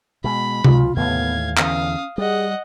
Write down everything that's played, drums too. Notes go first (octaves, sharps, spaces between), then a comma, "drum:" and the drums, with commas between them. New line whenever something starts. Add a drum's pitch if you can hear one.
B2 G#3 B5
C#2 C#3 F#3 F4, drum: tom C3
D#2 A2 E3 B3 F5 G#6
E2 D3 E3 C#4 F5 D#6, drum: clap
G3 G#4 D#5 F#5